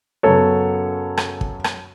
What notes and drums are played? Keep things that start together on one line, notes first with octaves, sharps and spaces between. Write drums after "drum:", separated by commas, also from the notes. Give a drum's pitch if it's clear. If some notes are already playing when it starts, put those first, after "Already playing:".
F#2 C#3 F#3 B3 A4 C#5
drum: rim click
drum: kick
drum: rim click